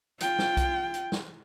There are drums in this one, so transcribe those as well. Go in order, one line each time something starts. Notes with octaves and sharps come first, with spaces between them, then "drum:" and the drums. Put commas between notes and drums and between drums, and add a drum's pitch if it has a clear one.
F4 G5, drum: hi-hat
drum: snare
drum: kick B1, hi-hat
drum: hi-hat
drum: snare